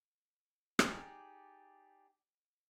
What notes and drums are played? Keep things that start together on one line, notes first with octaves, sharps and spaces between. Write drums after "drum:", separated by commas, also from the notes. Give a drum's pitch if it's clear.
D#4 G4 G#4 D5, drum: rim click